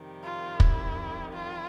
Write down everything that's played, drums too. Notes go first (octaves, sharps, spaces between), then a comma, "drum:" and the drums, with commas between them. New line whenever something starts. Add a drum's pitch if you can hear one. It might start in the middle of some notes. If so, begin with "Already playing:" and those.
Already playing: F2 C3 D#3 G3
F4
E4, drum: kick
F4